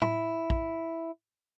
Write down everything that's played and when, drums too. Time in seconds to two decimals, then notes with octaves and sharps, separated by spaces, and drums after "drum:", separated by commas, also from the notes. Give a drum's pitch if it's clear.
0.02 E4, drum: tom
0.50 drum: kick